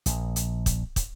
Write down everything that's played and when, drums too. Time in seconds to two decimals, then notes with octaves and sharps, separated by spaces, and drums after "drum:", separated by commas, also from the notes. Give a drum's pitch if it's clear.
0.06 A#1, drum: hi-hat
0.36 drum: hi-hat
0.66 drum: kick, hi-hat
0.96 drum: kick, hi-hat